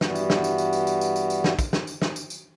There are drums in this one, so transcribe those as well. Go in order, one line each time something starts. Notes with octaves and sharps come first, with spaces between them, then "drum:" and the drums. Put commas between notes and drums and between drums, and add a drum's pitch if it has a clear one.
G2 E3 G3 B3 F#4, drum: snare
drum: tambourine
drum: snare
drum: tambourine
drum: tambourine
drum: tambourine
drum: tambourine
drum: tambourine
drum: tambourine
drum: tambourine
drum: snare
drum: kick, tambourine
drum: snare
drum: tambourine
drum: snare
drum: tambourine
drum: tambourine